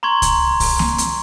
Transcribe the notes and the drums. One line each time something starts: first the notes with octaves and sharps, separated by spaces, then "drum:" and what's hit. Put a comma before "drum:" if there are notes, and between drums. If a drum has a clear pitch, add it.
A#5 C6 C#6 G#6
drum: kick C2, hi-hat
drum: kick C2, open hi-hat
drum: snare A#3
drum: hi-hat